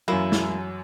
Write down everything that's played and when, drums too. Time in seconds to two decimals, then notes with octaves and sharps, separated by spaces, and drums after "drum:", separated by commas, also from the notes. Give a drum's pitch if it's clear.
0.08 F#2 E3 F#3 A#3 E4
0.32 drum: snare